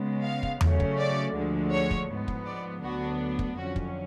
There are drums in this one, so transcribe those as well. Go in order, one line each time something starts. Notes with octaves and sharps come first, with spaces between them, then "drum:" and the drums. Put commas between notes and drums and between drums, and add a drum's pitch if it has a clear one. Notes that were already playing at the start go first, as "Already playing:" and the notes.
Already playing: C#3 G#3 B3
F5
drum: kick
C#3 F#3 A3 C#4, drum: tom E2
drum: kick
D5
D2 D3 F3 G#3
C#5
drum: kick
G#2 F3 B3
drum: kick
D5
D2 D3 F#3 B3 D4 F#4
drum: kick
F2 D3 F#3 C#4 F#4
drum: kick